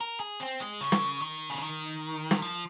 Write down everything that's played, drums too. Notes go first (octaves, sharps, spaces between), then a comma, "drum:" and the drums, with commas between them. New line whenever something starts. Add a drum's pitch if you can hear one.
A#4
G#4
C4
G#3
C#3
drum: snare
D#3
C#3
D#3
drum: snare
F3